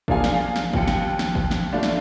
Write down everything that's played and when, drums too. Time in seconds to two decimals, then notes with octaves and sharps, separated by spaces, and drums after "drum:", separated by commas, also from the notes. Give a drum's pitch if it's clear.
0.08 A#3 D4 F4 G#4 F5 G#5, drum: kick G#1
0.24 drum: snare
0.56 drum: snare
0.73 D#2 F4 G5 C#7, drum: kick G#1
0.88 drum: snare
1.19 drum: snare
1.35 drum: kick G#1
1.51 drum: snare
1.72 A3 D4 F4 F5
1.83 drum: snare